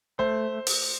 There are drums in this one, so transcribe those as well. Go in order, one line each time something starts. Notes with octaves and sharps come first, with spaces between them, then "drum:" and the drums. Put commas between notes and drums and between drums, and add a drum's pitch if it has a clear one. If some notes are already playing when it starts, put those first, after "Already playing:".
A3 C5
drum: open hi-hat